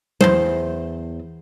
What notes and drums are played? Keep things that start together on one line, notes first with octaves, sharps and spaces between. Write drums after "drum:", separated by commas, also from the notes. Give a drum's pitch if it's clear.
E2 A#2 C5, drum: tom F#3